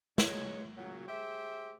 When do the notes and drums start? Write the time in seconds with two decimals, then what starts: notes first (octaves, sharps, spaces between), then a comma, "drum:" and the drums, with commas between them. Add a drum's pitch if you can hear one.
0.18 G#2 G#3 C#5, drum: snare
0.77 A#2 C#3 F#3
1.08 G4 G#4 C5 E5